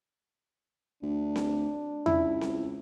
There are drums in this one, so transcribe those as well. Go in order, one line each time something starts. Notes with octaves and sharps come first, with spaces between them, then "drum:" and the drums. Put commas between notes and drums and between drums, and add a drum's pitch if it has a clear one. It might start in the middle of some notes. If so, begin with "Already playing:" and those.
D2 D4
drum: snare C4
C#2 E4, drum: tom E2
drum: snare C4